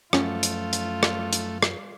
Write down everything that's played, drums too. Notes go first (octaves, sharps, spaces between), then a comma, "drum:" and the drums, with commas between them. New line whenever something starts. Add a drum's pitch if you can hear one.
F#2 F3 A3 C#4 F4, drum: rim click
drum: hi-hat
drum: hi-hat
drum: rim click
drum: hi-hat
drum: rim click